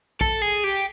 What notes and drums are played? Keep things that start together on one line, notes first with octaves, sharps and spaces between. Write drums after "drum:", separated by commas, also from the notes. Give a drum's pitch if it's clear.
A4, drum: kick
G#4
G4